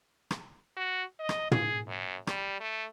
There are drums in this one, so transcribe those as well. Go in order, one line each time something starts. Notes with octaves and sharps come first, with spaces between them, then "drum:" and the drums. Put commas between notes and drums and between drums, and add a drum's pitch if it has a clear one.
drum: rim click
F#4
D#5
drum: rim click
G#4, drum: tom
F#2
G3, drum: rim click
A3